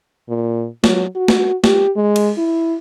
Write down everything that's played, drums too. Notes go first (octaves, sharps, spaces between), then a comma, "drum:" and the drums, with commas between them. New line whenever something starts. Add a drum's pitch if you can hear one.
A#2
F#3, drum: snare
F#4
drum: snare
G4, drum: snare
G#3
drum: cymbal
E4